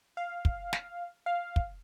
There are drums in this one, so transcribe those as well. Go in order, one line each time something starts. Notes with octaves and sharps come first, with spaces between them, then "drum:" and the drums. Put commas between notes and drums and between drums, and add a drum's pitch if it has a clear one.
F5
drum: kick
drum: snare
F5
drum: kick